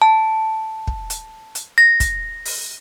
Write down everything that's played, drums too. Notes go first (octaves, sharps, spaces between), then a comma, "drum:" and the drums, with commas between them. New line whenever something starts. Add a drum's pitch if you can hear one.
A5
drum: kick
drum: hi-hat
drum: hi-hat
A#6
drum: kick, hi-hat
drum: open hi-hat